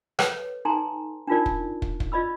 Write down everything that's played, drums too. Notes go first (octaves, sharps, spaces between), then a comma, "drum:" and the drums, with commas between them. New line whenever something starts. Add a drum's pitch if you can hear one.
A4 B4 C#5, drum: rim click
D#4 A4 G#5 A#5 C6
D4 D#4 F4 A#4 D5
drum: kick
drum: kick
drum: kick
F4 D5 D#5 B5 E6